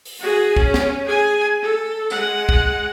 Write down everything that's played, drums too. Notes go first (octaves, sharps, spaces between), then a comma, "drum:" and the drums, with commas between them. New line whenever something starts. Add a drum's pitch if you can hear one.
drum: open hi-hat
F#4 G#4
C#4, drum: kick
drum: snare
G#4 G#5
A4
G#3 F#5, drum: tambourine
drum: kick